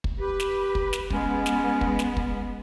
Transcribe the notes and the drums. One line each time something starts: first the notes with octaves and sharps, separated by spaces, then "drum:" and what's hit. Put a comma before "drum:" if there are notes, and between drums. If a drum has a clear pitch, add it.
drum: kick
G4 B4
drum: snare
drum: kick
drum: snare
G#3 B3 C#4, drum: kick
drum: snare
drum: kick
drum: snare
drum: kick